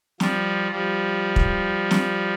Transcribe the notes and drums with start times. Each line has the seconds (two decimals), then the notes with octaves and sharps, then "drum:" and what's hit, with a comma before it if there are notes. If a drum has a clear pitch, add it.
0.20 F3 G3, drum: snare
0.71 F3 G3
1.36 drum: kick
1.91 drum: snare